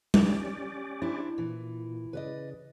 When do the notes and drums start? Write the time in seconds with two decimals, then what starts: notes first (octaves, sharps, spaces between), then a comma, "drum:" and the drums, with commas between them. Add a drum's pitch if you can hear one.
0.14 C#4 G4 D5, drum: tom G3
1.02 C4 D4 E4
1.38 A#2 E3
2.13 C#3 B4 D5 D#5